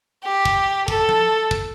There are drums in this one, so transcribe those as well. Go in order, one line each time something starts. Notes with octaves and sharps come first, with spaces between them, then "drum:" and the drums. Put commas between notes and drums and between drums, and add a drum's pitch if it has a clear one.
G4
drum: kick
A4, drum: kick
drum: tom
drum: kick